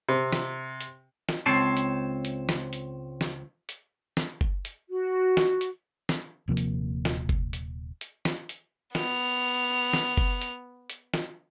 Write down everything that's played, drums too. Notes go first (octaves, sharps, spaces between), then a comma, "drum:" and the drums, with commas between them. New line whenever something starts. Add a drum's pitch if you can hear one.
C3
drum: snare
drum: hi-hat
drum: snare
C#2 C4 C5 C#5 A5
drum: hi-hat
drum: hi-hat
drum: snare
drum: hi-hat
drum: snare
drum: hi-hat
drum: snare
drum: kick F#1
drum: hi-hat
F#4
drum: snare
drum: hi-hat
drum: snare
D#1 C3 F3 A#3
drum: hi-hat
drum: snare
drum: kick F#1
drum: hi-hat
drum: hi-hat
drum: snare
drum: hi-hat
B3 F7, drum: snare
drum: snare
drum: kick F#1
drum: hi-hat
drum: hi-hat
drum: snare